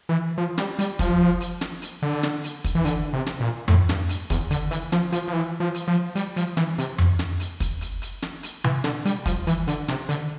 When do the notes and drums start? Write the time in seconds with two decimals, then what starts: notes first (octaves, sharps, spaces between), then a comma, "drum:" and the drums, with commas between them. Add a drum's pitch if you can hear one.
0.09 E3
0.38 F3
0.58 G3, drum: snare
0.79 G3, drum: hi-hat
0.99 F3, drum: kick, hi-hat
1.40 drum: hi-hat
1.61 drum: snare
1.82 drum: hi-hat
2.02 D3
2.23 drum: snare
2.44 drum: hi-hat
2.64 drum: kick, hi-hat
2.75 E3
2.85 D3, drum: hi-hat
3.13 C3
3.26 drum: snare
3.40 A#2
3.68 A2, drum: tom F2
3.89 G2, drum: snare
4.09 drum: hi-hat
4.30 E2, drum: kick, hi-hat
4.51 D3, drum: hi-hat
4.71 E3, drum: hi-hat
4.92 F3, drum: snare
5.12 F3, drum: hi-hat
5.28 F3
5.33 E3
5.60 F3
5.74 drum: hi-hat
5.88 F3
6.15 G3, drum: hi-hat
6.36 F3, drum: hi-hat
6.57 E3, drum: snare
6.78 C3, drum: hi-hat
6.98 drum: tom F2
7.19 drum: snare
7.40 drum: hi-hat
7.60 drum: kick, hi-hat
7.81 drum: hi-hat
8.02 drum: hi-hat
8.22 drum: snare
8.43 drum: hi-hat
8.64 E3, drum: tom C3
8.84 D3, drum: snare
9.05 G3, drum: hi-hat
9.26 F3, drum: kick, hi-hat
9.47 E3, drum: hi-hat
9.67 D3, drum: hi-hat
9.88 C3, drum: snare
10.09 D3, drum: hi-hat